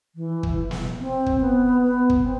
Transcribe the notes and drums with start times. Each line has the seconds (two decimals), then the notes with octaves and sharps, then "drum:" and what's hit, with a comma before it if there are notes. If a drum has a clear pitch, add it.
0.15 E3
0.43 drum: kick
0.71 drum: snare
0.99 C4
1.26 drum: kick
1.40 B3
1.82 B3
2.10 drum: kick
2.23 C4